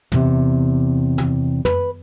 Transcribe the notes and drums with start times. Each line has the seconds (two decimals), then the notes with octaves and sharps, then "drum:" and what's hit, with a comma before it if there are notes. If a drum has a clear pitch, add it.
0.12 E2 C3, drum: tom
1.18 drum: tom
1.65 B4, drum: tom